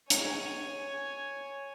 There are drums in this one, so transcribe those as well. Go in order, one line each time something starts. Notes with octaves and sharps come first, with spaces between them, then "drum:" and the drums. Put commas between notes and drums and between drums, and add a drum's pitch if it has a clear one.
C#5 G#5, drum: hi-hat